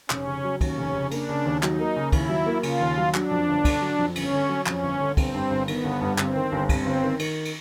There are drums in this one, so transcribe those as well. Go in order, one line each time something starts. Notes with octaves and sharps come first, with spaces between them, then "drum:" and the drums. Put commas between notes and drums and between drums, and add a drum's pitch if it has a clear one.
F1 C#4, drum: clap
C#3
F#3
D#2 C#4, drum: kick, cymbal
F1
C#3
A#3 D4, drum: cymbal
C#3
D#2
F#3 D#4, drum: clap
A#3
C#3
D#2 E4, drum: kick, cymbal
F#3
A#3
C#3 F4, drum: cymbal
D#2
F#3
F#3 D4, drum: clap
F2
G1
D3, drum: kick, cymbal
F#3
F2
G1 C#4, drum: cymbal
D3
F#3
F2 C#4, drum: clap
G1
D3
G1 C4, drum: kick, cymbal
G2
G1
D#3 B3, drum: cymbal
G1
G2
G1 C4, drum: clap
D#3
G1
G2 C4, drum: kick, cymbal
G1
D#3
D#3, drum: cymbal
drum: cymbal